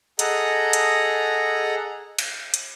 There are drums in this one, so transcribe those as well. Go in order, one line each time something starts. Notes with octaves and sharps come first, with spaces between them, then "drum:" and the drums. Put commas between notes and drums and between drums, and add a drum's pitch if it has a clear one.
G#4 A4 D#5 F#5 A#5, drum: hi-hat
drum: hi-hat
drum: cymbal
drum: hi-hat